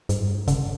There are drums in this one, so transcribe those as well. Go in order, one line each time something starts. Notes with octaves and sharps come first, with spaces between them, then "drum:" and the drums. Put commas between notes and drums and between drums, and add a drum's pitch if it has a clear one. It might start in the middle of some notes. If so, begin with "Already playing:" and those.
G2, drum: hi-hat
C#3, drum: kick F1, hi-hat